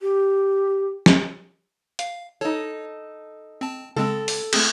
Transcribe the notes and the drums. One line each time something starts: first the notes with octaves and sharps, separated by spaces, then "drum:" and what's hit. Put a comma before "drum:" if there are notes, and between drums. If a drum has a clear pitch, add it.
G4
drum: snare
F5, drum: hi-hat
D#4 A4 C#5
C4 A5
C#3 G#3 C4 A4
drum: open hi-hat
A3 C4 G#4, drum: cymbal